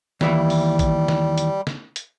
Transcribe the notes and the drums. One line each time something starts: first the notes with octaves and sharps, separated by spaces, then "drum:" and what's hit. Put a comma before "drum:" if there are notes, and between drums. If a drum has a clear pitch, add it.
D#2 E3 G3 E4, drum: snare
drum: open hi-hat
drum: kick A1, hi-hat
drum: snare
drum: hi-hat
drum: snare
drum: hi-hat